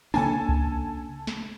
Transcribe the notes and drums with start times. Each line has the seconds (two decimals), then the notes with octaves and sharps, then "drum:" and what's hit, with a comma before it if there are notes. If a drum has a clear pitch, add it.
0.14 C#3 A#3 D4 A4 G#5 A5
0.49 drum: kick C2
1.27 drum: snare